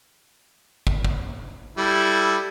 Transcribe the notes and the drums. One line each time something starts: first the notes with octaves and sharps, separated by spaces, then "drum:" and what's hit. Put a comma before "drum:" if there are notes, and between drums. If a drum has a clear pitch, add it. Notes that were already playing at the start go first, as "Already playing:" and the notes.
drum: kick
drum: kick
G3 E4 A4